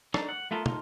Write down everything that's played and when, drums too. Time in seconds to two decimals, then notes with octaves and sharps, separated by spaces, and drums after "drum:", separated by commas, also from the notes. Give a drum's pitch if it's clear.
0.14 D4 D#4 A4, drum: rim click
0.29 F#5
0.51 A3 B3 F4 A4 A#4
0.66 D#4 F4 A4, drum: tom